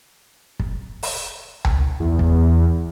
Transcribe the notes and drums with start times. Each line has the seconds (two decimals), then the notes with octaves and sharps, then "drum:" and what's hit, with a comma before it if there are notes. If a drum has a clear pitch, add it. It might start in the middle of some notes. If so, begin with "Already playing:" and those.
0.60 drum: kick
1.03 drum: open hi-hat
1.65 drum: tom C#2
2.00 E2
2.19 drum: kick